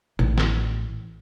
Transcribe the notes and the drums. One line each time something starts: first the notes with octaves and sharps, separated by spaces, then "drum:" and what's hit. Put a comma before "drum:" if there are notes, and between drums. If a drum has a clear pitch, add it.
A1, drum: tom
drum: snare